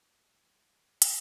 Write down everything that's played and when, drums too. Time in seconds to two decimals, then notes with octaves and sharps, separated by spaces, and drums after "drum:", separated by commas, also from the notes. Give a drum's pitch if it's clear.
0.17 A2 F#3 A3 E4 F#6
0.38 G#6
0.59 A6
0.73 F#6
0.82 G#6
1.02 A2 F#3 C#4 E4, drum: hi-hat